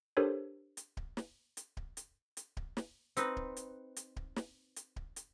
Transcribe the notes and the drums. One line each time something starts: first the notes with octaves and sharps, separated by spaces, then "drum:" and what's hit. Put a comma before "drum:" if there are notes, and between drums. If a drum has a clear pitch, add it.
D4 G4 A4 A#4 C5 C#5
drum: hi-hat
drum: kick D1
drum: snare
drum: hi-hat
drum: kick D1
drum: hi-hat
drum: hi-hat
drum: kick D1
drum: snare
C4 D#4 B4, drum: hi-hat
drum: kick D1
drum: hi-hat
drum: hi-hat
drum: kick D1
drum: snare
drum: hi-hat
drum: kick D1
drum: hi-hat